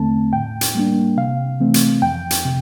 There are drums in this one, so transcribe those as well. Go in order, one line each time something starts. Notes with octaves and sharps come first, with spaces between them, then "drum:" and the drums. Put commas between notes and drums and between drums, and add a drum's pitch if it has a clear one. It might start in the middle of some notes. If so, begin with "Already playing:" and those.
Already playing: E2 D3 A3 C4 A5
A2 G5
drum: hi-hat
G3 A#3 D4
C3 F5
E3 A3 C4
drum: hi-hat
F2 G5
drum: hi-hat
C3